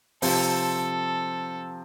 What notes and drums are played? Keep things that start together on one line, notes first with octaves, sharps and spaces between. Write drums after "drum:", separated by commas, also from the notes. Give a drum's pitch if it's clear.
C3 F3 C4 A4, drum: open hi-hat